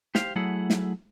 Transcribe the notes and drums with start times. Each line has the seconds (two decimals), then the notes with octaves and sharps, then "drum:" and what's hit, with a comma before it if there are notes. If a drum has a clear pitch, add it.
0.15 G4 C5 F5, drum: snare
0.36 F#3 A3 E4 G#4 F#5
0.70 drum: snare